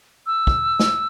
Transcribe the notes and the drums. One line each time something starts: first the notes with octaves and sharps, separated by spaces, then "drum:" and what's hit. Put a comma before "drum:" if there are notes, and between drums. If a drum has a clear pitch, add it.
E6
drum: kick
drum: snare